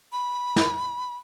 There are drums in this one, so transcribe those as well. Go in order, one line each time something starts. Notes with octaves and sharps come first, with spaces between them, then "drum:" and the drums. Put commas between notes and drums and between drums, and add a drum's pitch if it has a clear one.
B5
drum: snare